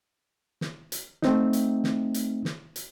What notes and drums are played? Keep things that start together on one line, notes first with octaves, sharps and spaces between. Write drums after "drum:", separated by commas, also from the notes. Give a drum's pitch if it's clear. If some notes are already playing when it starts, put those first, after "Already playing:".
drum: snare
drum: hi-hat
A3 C4 D#4, drum: snare
drum: hi-hat
drum: snare
drum: hi-hat
drum: snare
drum: hi-hat